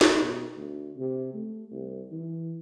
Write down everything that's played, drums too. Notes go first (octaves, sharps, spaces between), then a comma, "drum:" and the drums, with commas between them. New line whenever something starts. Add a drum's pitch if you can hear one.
drum: snare
B2
D2
C3
A3
C2
E3